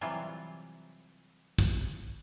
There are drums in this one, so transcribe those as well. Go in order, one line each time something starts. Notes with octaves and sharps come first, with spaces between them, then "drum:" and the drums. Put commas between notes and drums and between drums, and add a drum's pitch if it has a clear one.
C3 E3 F#3 G3 F4
drum: kick